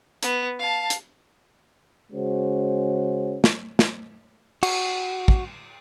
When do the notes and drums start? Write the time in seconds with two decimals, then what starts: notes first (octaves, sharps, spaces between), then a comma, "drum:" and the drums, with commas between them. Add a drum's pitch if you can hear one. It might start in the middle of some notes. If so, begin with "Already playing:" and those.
0.23 B3, drum: hi-hat
0.59 F5 A5
0.90 drum: hi-hat
2.12 C#3 G#3 C#4 F#4 C5
3.44 drum: snare
3.79 drum: snare
4.63 F#4, drum: cymbal
5.28 drum: kick